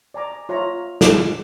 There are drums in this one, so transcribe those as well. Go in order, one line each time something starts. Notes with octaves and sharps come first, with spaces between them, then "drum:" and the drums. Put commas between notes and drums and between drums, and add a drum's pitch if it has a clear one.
D5 G#5 A#5 D6
F4 C#5 E5 A#5
drum: snare